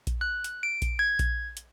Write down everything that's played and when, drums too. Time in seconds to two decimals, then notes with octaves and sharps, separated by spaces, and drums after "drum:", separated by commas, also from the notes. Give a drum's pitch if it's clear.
0.07 drum: kick A#1, hi-hat
0.21 F#6
0.44 drum: hi-hat
0.63 D7
0.82 drum: kick A#1, hi-hat
0.99 G#6
1.19 drum: kick A#1, hi-hat
1.57 drum: hi-hat